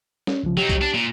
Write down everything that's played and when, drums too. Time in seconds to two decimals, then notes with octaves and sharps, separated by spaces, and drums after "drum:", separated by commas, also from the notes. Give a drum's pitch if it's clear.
0.27 C#4, drum: snare
0.43 C2 C#3 F3
0.57 F#3 D#4 G4
0.69 drum: kick C2, hi-hat
0.81 D4
0.94 A#2